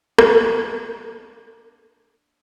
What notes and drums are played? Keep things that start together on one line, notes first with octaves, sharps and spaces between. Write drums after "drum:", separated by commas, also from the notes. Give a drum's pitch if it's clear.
A#3 D4, drum: rim click